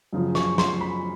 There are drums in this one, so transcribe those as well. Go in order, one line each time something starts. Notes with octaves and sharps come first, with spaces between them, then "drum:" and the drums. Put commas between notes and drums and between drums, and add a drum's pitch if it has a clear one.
F#2 C#3 F3
C#6, drum: snare
C6, drum: snare
B5